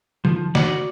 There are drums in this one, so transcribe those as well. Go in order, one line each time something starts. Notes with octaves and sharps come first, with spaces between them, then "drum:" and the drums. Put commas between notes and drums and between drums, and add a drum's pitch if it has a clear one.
F3, drum: tom
F#4 D5, drum: snare